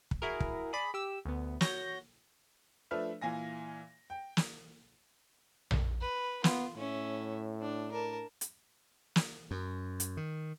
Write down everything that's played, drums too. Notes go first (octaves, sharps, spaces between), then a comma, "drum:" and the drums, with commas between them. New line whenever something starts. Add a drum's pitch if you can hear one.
drum: kick
E4 F#4 G#4 A#4
drum: kick
G#4 D5 B5
G4 E6
D2 B3
F#4 C#5 G6 A#6, drum: snare
F3 A3 D4 B4 E5 F6
A#2 E3 F5 G#5 A#6
G5
drum: snare
drum: tom A#1
B4
B3 F4, drum: snare
A2 C#4 E5
D4
A#4 A5
drum: hi-hat
drum: snare
F#2
drum: hi-hat
D#3